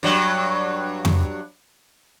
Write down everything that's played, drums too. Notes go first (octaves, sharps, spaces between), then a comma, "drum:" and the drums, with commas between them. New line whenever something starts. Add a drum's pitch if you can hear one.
G2 F#3
drum: tom F2